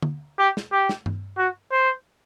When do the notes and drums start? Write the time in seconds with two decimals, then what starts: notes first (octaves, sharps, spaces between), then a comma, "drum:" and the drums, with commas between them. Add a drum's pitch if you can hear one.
0.02 drum: tom D3
0.39 G4
0.57 drum: snare
0.72 G4
0.89 drum: snare
1.06 drum: tom G2
1.38 F#4
1.72 C5